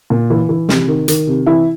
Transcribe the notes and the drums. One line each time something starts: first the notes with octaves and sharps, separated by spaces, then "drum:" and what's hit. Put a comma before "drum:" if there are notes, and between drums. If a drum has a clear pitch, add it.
A#2
E3
E3
C3, drum: snare
D#3
D#3, drum: hi-hat
C3
E3 E4